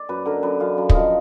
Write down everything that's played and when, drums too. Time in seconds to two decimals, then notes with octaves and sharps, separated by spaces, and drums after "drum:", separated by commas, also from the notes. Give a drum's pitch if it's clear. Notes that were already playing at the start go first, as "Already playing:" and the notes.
Already playing: D5
0.09 F#2 B4
0.26 D3 A#4
0.43 F#2 B4
0.60 F#2 F5
0.78 F#2
0.90 F3 D#5 F5, drum: kick